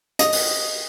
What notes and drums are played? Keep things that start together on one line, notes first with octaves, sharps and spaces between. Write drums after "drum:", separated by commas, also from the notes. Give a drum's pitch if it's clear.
D#5, drum: hi-hat
drum: open hi-hat